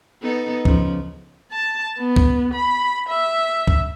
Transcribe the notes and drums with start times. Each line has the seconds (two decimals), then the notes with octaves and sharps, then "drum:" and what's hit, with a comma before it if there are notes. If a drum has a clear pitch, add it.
0.22 B3 D#4 A4
0.65 C#3 F3, drum: kick C#2
1.52 A5
1.98 B3
2.16 drum: kick C#2
2.54 B5
3.09 E5
3.68 drum: kick C#2